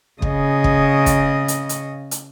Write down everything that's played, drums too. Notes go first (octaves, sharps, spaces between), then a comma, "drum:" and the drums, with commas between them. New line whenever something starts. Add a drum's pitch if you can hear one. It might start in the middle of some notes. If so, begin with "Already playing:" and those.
C#3 D#5, drum: kick
drum: kick
drum: kick, hi-hat
drum: hi-hat
drum: hi-hat
drum: hi-hat